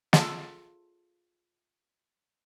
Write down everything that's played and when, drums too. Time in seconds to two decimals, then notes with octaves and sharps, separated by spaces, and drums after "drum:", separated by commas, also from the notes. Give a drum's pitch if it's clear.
0.13 F4 G#4 A4, drum: snare